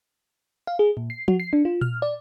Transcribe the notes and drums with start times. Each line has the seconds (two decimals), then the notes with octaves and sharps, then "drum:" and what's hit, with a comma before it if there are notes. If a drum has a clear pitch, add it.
0.67 F5
0.79 G#4
0.97 A#2
1.10 C7
1.28 F#4, drum: tom F3
1.40 C7
1.53 D4
1.65 F4
1.81 F6, drum: tom A#2
2.02 D5